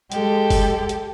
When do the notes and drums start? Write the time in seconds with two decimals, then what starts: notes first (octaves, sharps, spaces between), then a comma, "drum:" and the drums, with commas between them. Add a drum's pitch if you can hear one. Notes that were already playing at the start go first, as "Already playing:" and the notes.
0.12 G#3 G4 A4, drum: hi-hat
0.50 drum: kick F#1, open hi-hat
0.89 drum: hi-hat